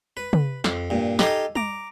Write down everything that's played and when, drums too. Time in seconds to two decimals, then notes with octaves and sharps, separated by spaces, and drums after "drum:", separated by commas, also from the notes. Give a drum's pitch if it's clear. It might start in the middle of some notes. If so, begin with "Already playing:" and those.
0.17 B4
0.33 drum: tom
0.64 F2, drum: snare
0.90 G2 A#2
1.19 D#4 G4 A4 D#5 F5 G#5, drum: snare
1.56 A#5 D6, drum: tom G3